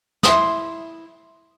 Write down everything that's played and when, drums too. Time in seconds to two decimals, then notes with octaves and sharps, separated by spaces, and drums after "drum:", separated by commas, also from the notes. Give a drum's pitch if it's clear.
0.23 E4 C6 D#6, drum: snare